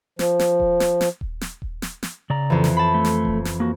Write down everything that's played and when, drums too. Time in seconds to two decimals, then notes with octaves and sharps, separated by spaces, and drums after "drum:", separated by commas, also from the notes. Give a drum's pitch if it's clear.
0.19 F3, drum: snare
0.39 drum: snare
0.60 drum: kick D#1
0.80 drum: snare
1.01 drum: snare
1.21 drum: kick D#1
1.41 drum: snare
1.62 drum: kick D#1
1.82 drum: snare
2.03 drum: snare
2.30 C#3 D5 A#5
2.50 F2 E3
2.64 drum: snare
2.77 A5 B5
2.94 A3
3.05 drum: snare
3.25 drum: kick D#1
3.45 drum: snare
3.60 A#3 F#4